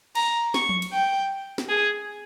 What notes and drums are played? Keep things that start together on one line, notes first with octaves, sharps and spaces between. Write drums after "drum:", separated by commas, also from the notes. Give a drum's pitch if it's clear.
A#5, drum: cymbal
C#6, drum: snare
drum: tom F3
drum: cymbal
G5
drum: snare
G#4